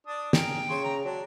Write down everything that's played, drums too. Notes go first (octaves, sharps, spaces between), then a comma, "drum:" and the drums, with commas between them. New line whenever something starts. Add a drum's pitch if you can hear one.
D4 D5 D#6
G#4 A#4 G5, drum: snare
C#3 C5 C#5
A#5
F#3 D4